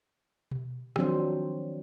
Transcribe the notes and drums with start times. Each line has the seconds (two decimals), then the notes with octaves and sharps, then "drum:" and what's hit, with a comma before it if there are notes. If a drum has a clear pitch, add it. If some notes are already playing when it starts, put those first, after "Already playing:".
0.51 drum: tom B2
0.96 D#3 F3 F#3 C4 D4 C5, drum: rim click